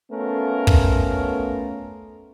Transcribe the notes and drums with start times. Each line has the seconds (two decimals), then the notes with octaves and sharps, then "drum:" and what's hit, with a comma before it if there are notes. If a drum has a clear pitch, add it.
0.12 A3 B3 C#4 F4 A#4
0.67 drum: kick